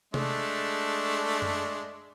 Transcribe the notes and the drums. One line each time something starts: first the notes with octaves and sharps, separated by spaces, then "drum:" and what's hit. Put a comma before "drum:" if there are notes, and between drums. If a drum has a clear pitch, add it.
G#3 A3 D4, drum: tom C3
drum: tom F#2